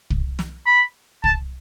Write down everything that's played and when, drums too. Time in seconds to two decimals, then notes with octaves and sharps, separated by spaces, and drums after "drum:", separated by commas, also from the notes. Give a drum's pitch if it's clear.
0.10 drum: kick
0.39 drum: snare
0.67 B5
1.24 A5, drum: kick